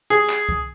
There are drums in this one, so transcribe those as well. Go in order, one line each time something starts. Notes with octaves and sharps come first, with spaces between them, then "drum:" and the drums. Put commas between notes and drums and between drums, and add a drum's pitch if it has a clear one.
G#4
drum: clap
drum: kick C2